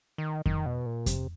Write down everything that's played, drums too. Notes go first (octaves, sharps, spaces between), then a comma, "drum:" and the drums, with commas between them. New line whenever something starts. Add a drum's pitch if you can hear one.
D#3
D#3, drum: kick F2
B2
A#2
C3, drum: kick F2, hi-hat